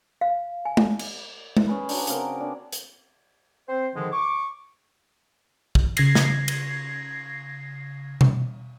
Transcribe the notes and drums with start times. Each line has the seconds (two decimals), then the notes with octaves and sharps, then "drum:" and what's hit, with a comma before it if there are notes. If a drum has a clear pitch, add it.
0.21 F5
0.65 G#5
0.77 drum: tom G#3
0.99 drum: cymbal
1.57 drum: tom G#3
1.68 C#4 G#4 B4
1.89 F#3 D4, drum: open hi-hat
2.07 C#3 C4 A#4 D6, drum: hi-hat
2.39 B3 D4
2.72 drum: hi-hat
3.69 C4 C5
3.95 G#2 D3 D#3 F3 G#3
4.12 C#6 D6
5.75 drum: kick
5.97 C#3 G#6 A#6 C7, drum: cymbal
6.15 drum: snare
6.48 drum: cymbal
8.21 drum: tom B2